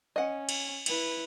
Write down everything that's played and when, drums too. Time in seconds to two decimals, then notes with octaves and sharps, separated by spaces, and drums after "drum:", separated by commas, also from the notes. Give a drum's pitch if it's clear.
0.16 C#4 D#5 F#5
0.49 drum: cymbal
0.86 E4 B4, drum: cymbal